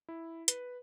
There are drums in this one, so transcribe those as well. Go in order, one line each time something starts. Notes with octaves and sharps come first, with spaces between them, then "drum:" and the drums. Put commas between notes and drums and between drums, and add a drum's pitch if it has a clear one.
E4
B4, drum: hi-hat